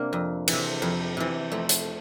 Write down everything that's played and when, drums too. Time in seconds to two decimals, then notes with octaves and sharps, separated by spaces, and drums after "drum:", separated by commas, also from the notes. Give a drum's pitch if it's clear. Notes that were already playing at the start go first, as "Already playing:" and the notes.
Already playing: C3 A#3 C4 D4
0.13 F2
0.48 C3 E3, drum: cymbal
0.82 F2
1.17 C3 E3
1.52 F2 A3
1.69 drum: hi-hat